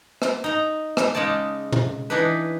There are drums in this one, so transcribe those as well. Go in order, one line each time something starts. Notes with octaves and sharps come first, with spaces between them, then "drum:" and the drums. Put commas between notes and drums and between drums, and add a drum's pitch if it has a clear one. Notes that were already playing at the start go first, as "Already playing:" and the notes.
drum: rim click
D#4 A#5
drum: rim click
C#3 G#3 D#4 D5 A5
drum: tom
E3 D4 D#4 B4